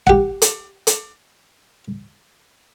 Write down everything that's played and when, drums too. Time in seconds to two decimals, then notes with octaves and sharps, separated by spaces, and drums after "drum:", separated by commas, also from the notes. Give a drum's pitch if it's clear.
0.07 G4 F#5, drum: kick
0.42 drum: hi-hat
0.87 drum: hi-hat